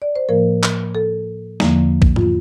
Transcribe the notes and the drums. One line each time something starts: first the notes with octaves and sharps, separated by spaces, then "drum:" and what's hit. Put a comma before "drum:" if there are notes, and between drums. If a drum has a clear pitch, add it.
D5
C5
A2 F3 A#3 A#4
drum: clap
A4
E2 D3 F3 A#3, drum: snare
drum: kick
F4, drum: tom G#2